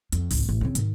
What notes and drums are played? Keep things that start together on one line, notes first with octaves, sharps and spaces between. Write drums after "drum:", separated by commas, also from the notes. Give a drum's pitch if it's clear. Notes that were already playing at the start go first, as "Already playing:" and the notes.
F2, drum: hi-hat
G#1 C#2, drum: open hi-hat
A1 D2
C#3 C4
G#2 D#3, drum: hi-hat